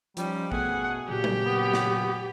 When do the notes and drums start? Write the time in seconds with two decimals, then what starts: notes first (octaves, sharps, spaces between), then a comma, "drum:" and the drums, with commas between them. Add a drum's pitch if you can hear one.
0.17 F3 G3 C#4 D#4, drum: hi-hat
0.52 B2 A3 G#4 F#5 G#5, drum: kick A1
1.08 A#2 C#3 F#3 G4
1.24 drum: tom F#3
1.45 B3
1.73 drum: snare